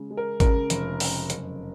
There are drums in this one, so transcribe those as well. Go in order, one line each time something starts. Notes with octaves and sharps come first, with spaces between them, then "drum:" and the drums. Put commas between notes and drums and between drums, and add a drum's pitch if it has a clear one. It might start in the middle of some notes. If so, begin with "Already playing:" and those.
Already playing: C#3 G#3
G#3
A#4
C#3 A#4, drum: kick G#1, hi-hat
F1, drum: hi-hat
C#3, drum: open hi-hat
F#1, drum: hi-hat